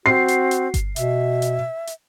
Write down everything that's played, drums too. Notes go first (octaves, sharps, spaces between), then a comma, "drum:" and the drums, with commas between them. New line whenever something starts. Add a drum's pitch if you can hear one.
C4 F#4 C7
drum: hi-hat
drum: hi-hat
drum: kick G1, hi-hat
B2 E5, drum: hi-hat
drum: hi-hat
drum: hi-hat